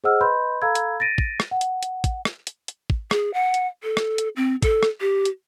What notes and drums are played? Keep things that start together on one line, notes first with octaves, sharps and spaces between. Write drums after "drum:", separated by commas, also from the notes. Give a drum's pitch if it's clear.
G#4 C5 D#5 F#5 E6 F6
B4 D#5 B5 C6 G6
A4 F5 A#5 B5 E6 G#6
drum: hi-hat
A6 A#6 D7 D#7
drum: kick
drum: rim click
F#5
drum: hi-hat
drum: hi-hat
drum: kick, hi-hat
drum: rim click
drum: hi-hat
drum: hi-hat
drum: kick
G#4, drum: rim click
F#5
drum: hi-hat
A4
drum: rim click
drum: hi-hat
C4
A4, drum: kick, hi-hat
drum: rim click
G4
drum: hi-hat